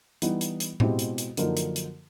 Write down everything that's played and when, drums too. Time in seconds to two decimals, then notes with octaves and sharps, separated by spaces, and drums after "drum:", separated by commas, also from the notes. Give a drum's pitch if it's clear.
0.22 E3 G3 B3 D#4, drum: hi-hat
0.41 drum: hi-hat
0.60 drum: hi-hat
0.80 B2 G#3 C4 E4 G4, drum: tom A2
0.99 drum: hi-hat
1.18 drum: hi-hat
1.37 F#2 D3 F3 A#3 D#4, drum: hi-hat
1.57 drum: hi-hat
1.76 drum: hi-hat